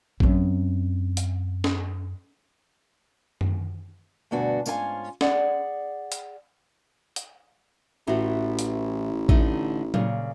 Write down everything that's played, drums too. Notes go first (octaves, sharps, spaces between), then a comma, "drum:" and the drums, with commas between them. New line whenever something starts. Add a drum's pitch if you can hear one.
F#2 C4, drum: kick A1
drum: hi-hat
drum: snare
drum: tom F#2
D2 G2 B2 D4 F#4 G#5
G#2 C#4 F4 C5 C#5 G#5, drum: tambourine
G#4 D5 F#5, drum: snare
drum: hi-hat
drum: hi-hat
A1 A2 E3 F#4
drum: hi-hat
D3 A3 D#4, drum: kick A1
A#2 C#3, drum: tom F#3